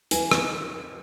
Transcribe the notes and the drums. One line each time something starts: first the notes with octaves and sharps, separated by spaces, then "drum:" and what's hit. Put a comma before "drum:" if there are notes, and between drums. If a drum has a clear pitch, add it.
E3 G#5, drum: hi-hat
B3 D#4, drum: rim click